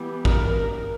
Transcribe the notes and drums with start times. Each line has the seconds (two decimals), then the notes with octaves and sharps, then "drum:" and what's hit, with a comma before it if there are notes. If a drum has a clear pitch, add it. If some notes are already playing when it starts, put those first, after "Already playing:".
Already playing: E3 G3 B3
0.25 A#4, drum: kick